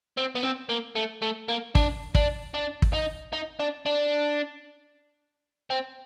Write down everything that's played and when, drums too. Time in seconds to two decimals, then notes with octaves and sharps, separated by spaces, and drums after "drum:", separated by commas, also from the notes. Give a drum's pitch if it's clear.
0.17 C4
0.35 B3
0.43 C4
0.69 A#3
0.96 A3
1.22 A3
1.49 A#3
1.75 D4, drum: kick
2.15 D4, drum: kick
2.54 D4
2.82 drum: kick
2.94 D#4
3.33 D#4
3.60 D4
3.86 D4
5.70 C4